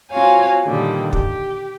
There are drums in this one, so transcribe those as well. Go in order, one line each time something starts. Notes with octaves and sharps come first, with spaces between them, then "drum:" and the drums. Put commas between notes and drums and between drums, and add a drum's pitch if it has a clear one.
C4 F4 F#4 C#5 F5 G#5
A#2 D3 D#3 G3
G4, drum: kick